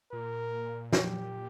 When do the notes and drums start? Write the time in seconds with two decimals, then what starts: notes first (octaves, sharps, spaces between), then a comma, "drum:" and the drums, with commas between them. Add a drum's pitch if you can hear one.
0.12 A#2 A#4
0.93 G4, drum: snare